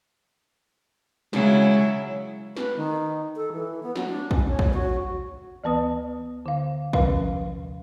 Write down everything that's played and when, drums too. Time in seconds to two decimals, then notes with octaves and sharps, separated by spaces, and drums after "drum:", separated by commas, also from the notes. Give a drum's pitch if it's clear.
1.33 C#3 F#3 G#3 E4, drum: snare
2.57 B4, drum: snare
2.77 D#3
3.36 A4
3.52 E3
3.83 B3
3.96 F#3, drum: snare
4.09 D4
4.31 C#4, drum: kick
4.49 C#5
4.59 drum: kick
4.74 F#4
5.64 D2 E3 B3 B4 D#6
6.46 D3 F5
6.93 D#2 C3 F3 C#4 B4 F5, drum: kick